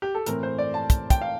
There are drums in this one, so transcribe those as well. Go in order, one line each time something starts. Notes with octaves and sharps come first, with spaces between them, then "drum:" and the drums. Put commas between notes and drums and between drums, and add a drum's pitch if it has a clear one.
G4
A4
A2 E3 A3 C4 A#4, drum: hi-hat
C5
D5
A5
drum: kick, hi-hat
G5, drum: kick, hi-hat
F5